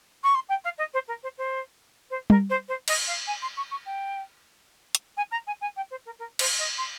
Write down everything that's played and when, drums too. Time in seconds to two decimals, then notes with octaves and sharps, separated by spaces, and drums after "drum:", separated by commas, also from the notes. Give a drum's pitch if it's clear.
0.23 C#6
0.34 C6
0.49 G5
0.64 F5
0.78 D#5
0.93 C5
1.07 A#4
1.23 C5
1.37 C5
2.10 C5
2.30 A#4, drum: tom G3
2.50 C5
2.68 C5
2.88 D#5, drum: cymbal
3.07 F5
3.27 G#5
3.42 C6
3.56 C#6
3.71 C#6
3.85 G5
4.95 drum: hi-hat
5.17 G#5
5.31 A#5
5.47 G#5
5.61 G#5
5.76 G5
5.90 C5
6.05 A#4
6.19 A#4
6.39 C5, drum: cymbal
6.58 D#5
6.78 C6